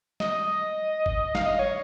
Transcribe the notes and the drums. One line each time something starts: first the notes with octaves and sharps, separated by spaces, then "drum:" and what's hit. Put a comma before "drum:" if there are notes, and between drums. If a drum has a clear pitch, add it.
D#5, drum: snare
drum: kick G1
F5, drum: snare
D#5
C#5